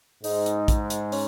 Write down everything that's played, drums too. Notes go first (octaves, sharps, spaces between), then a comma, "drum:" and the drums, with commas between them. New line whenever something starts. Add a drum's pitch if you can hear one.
G#2 D#4, drum: open hi-hat
drum: hi-hat
drum: kick, hi-hat
drum: hi-hat
C#4, drum: open hi-hat